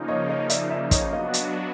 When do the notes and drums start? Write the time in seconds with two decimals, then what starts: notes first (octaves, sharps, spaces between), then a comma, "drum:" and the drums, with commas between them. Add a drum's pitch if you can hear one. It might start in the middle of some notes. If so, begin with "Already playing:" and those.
Already playing: C#3 F3 A#3 D#4
0.08 C#5 D#5
0.29 C#5 D#5
0.50 D5 E5, drum: hi-hat
0.70 D5 E5
0.91 C#5 D#5, drum: kick, hi-hat
1.12 F#3 B3 D4 F#4 D#5 F5
1.34 drum: hi-hat